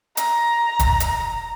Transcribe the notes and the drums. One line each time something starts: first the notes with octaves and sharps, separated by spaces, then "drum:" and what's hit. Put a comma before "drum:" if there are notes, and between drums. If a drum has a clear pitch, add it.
A#5, drum: hi-hat
drum: kick, hi-hat
drum: hi-hat